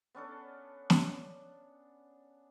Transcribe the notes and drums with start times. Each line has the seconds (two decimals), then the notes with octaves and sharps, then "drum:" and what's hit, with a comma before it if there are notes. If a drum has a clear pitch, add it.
0.15 B3 C#4 D4 A4
0.90 drum: snare